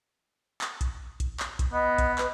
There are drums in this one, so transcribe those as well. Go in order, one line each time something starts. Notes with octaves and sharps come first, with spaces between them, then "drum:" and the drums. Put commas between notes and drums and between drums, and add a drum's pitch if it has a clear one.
drum: clap
drum: kick A#1, hi-hat
drum: kick A#1, hi-hat
drum: clap
drum: kick A#1, hi-hat
B3 D#5
drum: kick A#1, hi-hat
B4, drum: clap